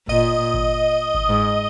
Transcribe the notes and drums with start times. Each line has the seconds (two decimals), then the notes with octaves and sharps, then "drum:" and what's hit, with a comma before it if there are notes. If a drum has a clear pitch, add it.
0.08 A#2 D#5, drum: kick G1
0.54 drum: kick G1
1.14 drum: kick G1
1.29 G#2